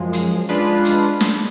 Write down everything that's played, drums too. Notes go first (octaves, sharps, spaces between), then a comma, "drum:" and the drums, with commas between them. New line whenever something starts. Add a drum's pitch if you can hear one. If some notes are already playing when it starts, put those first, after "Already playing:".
Already playing: F#2 F3 G#3
drum: hi-hat
G#3 D4 F4 B4
drum: hi-hat
drum: snare